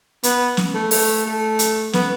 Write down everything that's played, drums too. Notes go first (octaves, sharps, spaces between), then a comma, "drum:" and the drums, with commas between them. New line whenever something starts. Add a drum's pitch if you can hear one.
B3, drum: hi-hat
drum: snare
A3
A3, drum: open hi-hat
A3
drum: hi-hat
B3, drum: snare